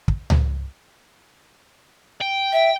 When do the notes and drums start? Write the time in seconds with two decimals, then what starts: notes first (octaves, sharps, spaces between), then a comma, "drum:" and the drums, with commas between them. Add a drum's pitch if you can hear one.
0.08 drum: kick
0.30 drum: tom C#2
2.21 G5
2.53 E5